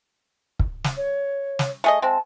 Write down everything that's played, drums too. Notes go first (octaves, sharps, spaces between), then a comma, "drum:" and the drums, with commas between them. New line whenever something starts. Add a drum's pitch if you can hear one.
drum: kick
drum: snare
C#5
drum: snare
A3 G#4 D#5
G#3 C4 A5